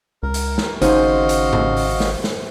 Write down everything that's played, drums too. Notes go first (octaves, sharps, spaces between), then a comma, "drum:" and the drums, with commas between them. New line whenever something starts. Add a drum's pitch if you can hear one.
C#2 A#4
drum: hi-hat
drum: snare
G#1 C#3 D#4 F#4 G#4 C5 D#5 F5, drum: hi-hat
drum: hi-hat
drum: tom
drum: open hi-hat
drum: snare
drum: snare